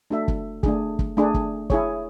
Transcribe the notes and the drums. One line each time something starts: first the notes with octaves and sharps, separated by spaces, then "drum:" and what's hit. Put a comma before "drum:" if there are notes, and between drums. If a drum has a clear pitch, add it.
A3 D4 F#4 A4 E5
drum: kick
A3 D4 G#4, drum: kick
drum: kick
A3 D4 G#4
drum: kick
E4 G#4 C#5, drum: kick